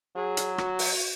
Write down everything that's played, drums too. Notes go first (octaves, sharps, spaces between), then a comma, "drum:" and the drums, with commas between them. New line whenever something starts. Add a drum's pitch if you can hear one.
F#3 G#4
drum: hi-hat
F#4, drum: rim click
drum: open hi-hat